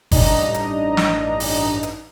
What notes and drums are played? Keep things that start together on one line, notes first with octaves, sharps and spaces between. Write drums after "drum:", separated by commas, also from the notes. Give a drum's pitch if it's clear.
A1 G2 D4 D#4 D#5 A#5, drum: kick G1, open hi-hat
drum: hi-hat
drum: snare
drum: open hi-hat
drum: hi-hat